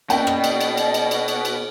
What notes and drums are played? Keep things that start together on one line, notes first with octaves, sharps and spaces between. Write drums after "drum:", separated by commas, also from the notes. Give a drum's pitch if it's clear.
B2 A#3 C#4 D5 G5, drum: cymbal
drum: rim click
drum: cymbal
drum: cymbal
drum: cymbal
drum: cymbal
drum: cymbal
drum: cymbal
drum: cymbal